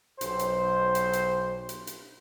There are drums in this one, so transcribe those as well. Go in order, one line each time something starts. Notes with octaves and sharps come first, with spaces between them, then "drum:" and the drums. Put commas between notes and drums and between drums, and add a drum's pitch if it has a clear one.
B1 C5, drum: hi-hat
drum: hi-hat
drum: hi-hat
drum: hi-hat
drum: hi-hat
drum: hi-hat